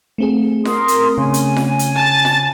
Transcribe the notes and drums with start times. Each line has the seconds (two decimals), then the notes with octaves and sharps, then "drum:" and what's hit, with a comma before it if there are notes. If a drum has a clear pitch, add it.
0.18 A3 C4 G#4
0.65 A#4 C6 D#6, drum: snare F4
0.88 drum: hi-hat
1.18 C#3 G#5
1.34 drum: hi-hat
1.56 drum: snare F4
1.79 drum: hi-hat
1.96 A5 A6
2.25 drum: snare F4